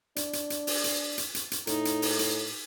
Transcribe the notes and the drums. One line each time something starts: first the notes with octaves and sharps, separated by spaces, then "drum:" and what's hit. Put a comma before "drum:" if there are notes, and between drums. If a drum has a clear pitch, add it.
D4, drum: hi-hat
drum: hi-hat
drum: hi-hat
drum: open hi-hat
drum: hi-hat
drum: hi-hat
drum: hi-hat
drum: hi-hat
A2 D#4, drum: hi-hat
drum: hi-hat
drum: open hi-hat
drum: hi-hat